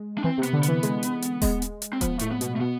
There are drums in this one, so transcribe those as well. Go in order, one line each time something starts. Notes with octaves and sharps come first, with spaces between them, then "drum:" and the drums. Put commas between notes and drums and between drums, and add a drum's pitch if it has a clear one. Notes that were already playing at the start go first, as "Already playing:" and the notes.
Already playing: G#3
D4
E3 C4
C3
B3, drum: hi-hat
D3
B3, drum: hi-hat
E3
G#3, drum: hi-hat
drum: hi-hat
drum: hi-hat
G#3, drum: kick D#1, open hi-hat
drum: hi-hat
drum: hi-hat
C4
F3 B3, drum: kick D#1, hi-hat
A2 A3, drum: hi-hat
B3
B2, drum: hi-hat
A3
B2 B3